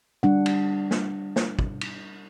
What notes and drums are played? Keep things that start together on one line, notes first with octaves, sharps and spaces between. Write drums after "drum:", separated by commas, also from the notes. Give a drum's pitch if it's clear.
G3 D4 F#5
drum: cymbal
drum: snare
drum: snare
drum: kick
drum: cymbal